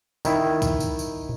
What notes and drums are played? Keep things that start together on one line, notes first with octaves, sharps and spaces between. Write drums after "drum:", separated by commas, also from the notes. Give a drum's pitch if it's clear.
D#3 E4, drum: tambourine
drum: kick, tambourine
drum: tambourine
drum: tambourine